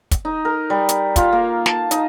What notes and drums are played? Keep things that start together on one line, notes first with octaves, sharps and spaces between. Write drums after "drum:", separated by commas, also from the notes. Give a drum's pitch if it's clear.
drum: kick, hi-hat
D#4
A#4
G3
drum: hi-hat
F4, drum: kick, hi-hat
A#3
A5, drum: snare
D#4, drum: hi-hat